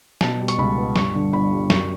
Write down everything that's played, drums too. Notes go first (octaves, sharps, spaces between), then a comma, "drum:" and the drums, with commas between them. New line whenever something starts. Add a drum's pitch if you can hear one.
B2 A5, drum: snare
G3
C#6, drum: hi-hat
C#2 B5
B3
G2 C#6, drum: snare
D3
G1 B5
G3
F#2 C#6, drum: snare